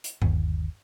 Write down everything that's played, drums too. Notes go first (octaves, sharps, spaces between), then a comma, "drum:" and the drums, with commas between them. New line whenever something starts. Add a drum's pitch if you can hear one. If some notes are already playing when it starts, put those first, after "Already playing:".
drum: hi-hat
G1 D#2, drum: tom G2